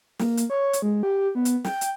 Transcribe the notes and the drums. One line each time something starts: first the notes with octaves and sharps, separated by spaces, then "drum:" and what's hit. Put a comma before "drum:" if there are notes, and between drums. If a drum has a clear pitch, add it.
A#3, drum: snare
drum: hi-hat
C#5
drum: hi-hat
G#3
G4
B3
drum: hi-hat
G5, drum: snare
drum: hi-hat